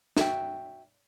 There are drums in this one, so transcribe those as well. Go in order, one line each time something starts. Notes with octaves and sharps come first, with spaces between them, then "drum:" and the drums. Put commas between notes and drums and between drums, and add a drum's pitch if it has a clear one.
F#4 E5 G5, drum: snare